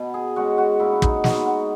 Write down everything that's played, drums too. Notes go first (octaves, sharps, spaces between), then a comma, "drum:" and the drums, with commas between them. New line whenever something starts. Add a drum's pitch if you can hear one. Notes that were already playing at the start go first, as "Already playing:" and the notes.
Already playing: B2
G#4
G#3 C#4 F#4
F#4
A#2 E4
D#4, drum: kick
G#3 B3 F#4, drum: snare
F#4